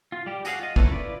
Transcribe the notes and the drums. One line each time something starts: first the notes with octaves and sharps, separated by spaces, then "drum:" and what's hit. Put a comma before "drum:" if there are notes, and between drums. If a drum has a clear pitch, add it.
F4
G3 G4
F#4 G#4 A4 F5 F#5, drum: hi-hat
F4 D#5
A#3 C#4 E4 A4 B4, drum: kick
E4 F4 B4 D5